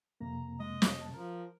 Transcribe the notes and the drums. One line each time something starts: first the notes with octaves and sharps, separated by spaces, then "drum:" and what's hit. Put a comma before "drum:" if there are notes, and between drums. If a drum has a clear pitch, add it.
F2 C3 A#3 A#5
G#3 D#5
drum: snare
A5
F3 A#4